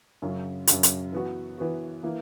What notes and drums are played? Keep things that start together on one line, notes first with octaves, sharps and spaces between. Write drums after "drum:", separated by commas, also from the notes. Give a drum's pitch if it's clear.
F#2 C#3 F#3
F#2 C#3 F#3, drum: hi-hat
drum: hi-hat
E3 B3 F#4
E3 B3 F#4
E3 A#3 E4